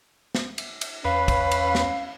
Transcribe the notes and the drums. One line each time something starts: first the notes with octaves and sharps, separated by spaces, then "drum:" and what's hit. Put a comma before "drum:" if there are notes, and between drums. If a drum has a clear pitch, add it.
drum: snare
drum: cymbal
drum: cymbal
E2 C#4 B4 F5
drum: kick, cymbal
drum: cymbal
drum: snare